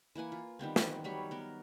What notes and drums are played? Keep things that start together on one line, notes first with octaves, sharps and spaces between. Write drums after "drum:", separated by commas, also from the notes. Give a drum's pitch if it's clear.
E3 A#3 F#5 G#5
F4
D#3 G3 B3 C4
drum: snare
F#3 G3 C#5 B5
B3 A#4